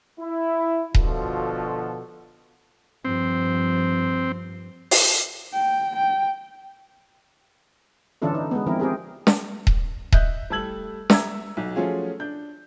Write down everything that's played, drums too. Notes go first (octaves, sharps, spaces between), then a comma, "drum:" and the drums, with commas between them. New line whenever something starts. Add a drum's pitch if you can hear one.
E4
B2 D3 F3 F4 F#4 A4, drum: kick D#1
G2 F3 C4
drum: open hi-hat
G5
G5
D3 E3 C#4 D4 F4 A4
D#4
G#3 B3
D#3 F3 C4 E4 A#4
C4 G4 G#4 A#4
drum: snare
drum: kick D#1
D#5 E5 F#6 G6, drum: kick D#1
G3 A3 A5 E6 G#6 F#7
E5 A#5 E6 G#6, drum: snare
B1 F#3
F3 F#3 A3 C#4 F4 G#4
D4 G6